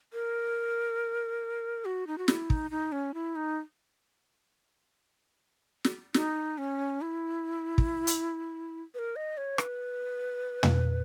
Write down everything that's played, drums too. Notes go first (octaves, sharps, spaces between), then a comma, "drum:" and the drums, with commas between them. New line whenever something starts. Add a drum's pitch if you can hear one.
A#4
F#4
D#4
F#4
E4, drum: snare
D#4, drum: kick
D#4
C#4
E4
D#4
drum: snare
D#4, drum: snare
C#4
E4
drum: kick
drum: hi-hat
B4
A#4
D#5
C#5
B4, drum: rim click
drum: tom